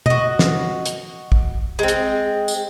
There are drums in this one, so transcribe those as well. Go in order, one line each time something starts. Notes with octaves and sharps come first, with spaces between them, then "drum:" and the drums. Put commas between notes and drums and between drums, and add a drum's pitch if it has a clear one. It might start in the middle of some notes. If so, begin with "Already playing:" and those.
F#4 D#5, drum: tom B2
drum: snare
drum: hi-hat
drum: kick
G#3 C4
drum: hi-hat
drum: tambourine